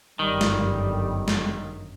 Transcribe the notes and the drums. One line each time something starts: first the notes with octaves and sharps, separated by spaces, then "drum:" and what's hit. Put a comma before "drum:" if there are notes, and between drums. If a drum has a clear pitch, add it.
G1 F#2 D#3 G3
drum: snare
drum: snare